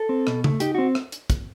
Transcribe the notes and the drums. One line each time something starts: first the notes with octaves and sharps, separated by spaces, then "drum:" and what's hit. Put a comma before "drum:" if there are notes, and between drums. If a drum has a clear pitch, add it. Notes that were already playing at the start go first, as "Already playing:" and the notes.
Already playing: A4
C4
B2, drum: rim click
A3, drum: tom C#3
D#4 G4, drum: hi-hat
C4 F#4
drum: rim click
drum: hi-hat
drum: kick, hi-hat